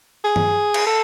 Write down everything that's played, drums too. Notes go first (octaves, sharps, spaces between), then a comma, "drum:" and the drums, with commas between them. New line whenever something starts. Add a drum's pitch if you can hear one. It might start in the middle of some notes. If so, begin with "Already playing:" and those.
G#4
drum: tom
drum: cymbal
A4